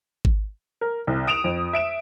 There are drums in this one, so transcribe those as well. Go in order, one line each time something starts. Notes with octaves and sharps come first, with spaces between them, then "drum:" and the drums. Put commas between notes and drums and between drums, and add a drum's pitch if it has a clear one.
drum: kick G#1
A#4
C2
D#6 D7 E7 F7
F2
E5 D7 E7